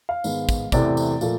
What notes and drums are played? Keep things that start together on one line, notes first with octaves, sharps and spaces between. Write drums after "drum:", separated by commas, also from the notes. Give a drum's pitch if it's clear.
F5
G#2 D#3 G#3 B3, drum: tambourine
drum: kick, tambourine
E2 C3 E3 A3 D5, drum: kick, tambourine
drum: tambourine
A#2 F3 A3, drum: tambourine